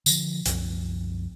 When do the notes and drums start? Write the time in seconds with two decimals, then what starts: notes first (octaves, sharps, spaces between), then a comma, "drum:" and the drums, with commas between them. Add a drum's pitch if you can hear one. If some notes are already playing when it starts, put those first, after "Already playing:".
0.06 D3 F3, drum: tambourine
0.46 C2 F#2 F3 C4, drum: hi-hat